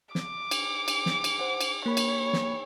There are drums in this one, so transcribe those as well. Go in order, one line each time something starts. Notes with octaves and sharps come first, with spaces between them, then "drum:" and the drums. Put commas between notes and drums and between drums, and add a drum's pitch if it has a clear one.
D6, drum: snare
drum: cymbal
drum: cymbal
drum: snare
drum: cymbal
C5 F#5
drum: cymbal
A#3 C#5 B5
drum: cymbal
drum: snare